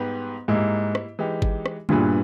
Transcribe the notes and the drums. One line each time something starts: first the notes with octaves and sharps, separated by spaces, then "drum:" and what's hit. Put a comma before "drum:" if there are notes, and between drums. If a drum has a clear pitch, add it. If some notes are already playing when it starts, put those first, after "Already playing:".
Already playing: G#2 G3 B3 G4 B4
G#2 G3 A#3 E4
drum: rim click
E3 G#3 D#4 G4
drum: kick G1
drum: rim click
G2 A#2 G3 B3 E4 G#4 B4, drum: tom